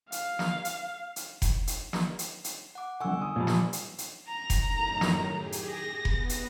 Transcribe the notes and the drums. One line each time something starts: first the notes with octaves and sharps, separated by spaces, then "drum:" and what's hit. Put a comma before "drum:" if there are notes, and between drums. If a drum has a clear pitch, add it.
F5, drum: hi-hat
drum: snare
drum: hi-hat
drum: hi-hat
drum: kick F1, hi-hat
drum: hi-hat
drum: snare
drum: hi-hat
drum: hi-hat
F#5 D6
G1 F#5 G#5 C#6 E6
D#6
A#2 F3 G3
drum: snare
drum: hi-hat
drum: hi-hat
A#5
drum: kick F1, hi-hat
F#2 A2 D#3
drum: snare
G4 G#4
drum: hi-hat
A#6
B3, drum: kick F1
drum: hi-hat